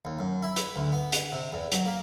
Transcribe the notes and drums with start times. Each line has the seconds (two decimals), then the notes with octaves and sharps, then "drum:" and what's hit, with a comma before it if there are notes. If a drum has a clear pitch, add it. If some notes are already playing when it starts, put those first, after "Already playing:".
0.05 D#2
0.19 F#2
0.43 E4
0.56 B4, drum: hi-hat
0.76 D2
0.92 B3
1.12 F#5, drum: hi-hat
1.32 C3
1.53 E2
1.72 F#3, drum: hi-hat
1.85 A#3